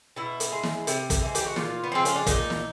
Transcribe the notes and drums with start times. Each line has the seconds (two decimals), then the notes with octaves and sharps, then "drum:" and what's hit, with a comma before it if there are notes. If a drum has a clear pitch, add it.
0.16 B2 E4
0.40 drum: hi-hat
0.52 G#3
0.63 drum: snare
0.87 C3, drum: hi-hat
1.10 drum: kick, hi-hat
1.22 E3 G#3
1.35 G4, drum: hi-hat
1.46 F#4
1.56 A#2 F4, drum: snare
1.84 B3
1.92 F3 G#3 C4
2.05 C#4, drum: hi-hat
2.15 D4
2.27 A#2 D#4, drum: kick, hi-hat
2.50 drum: snare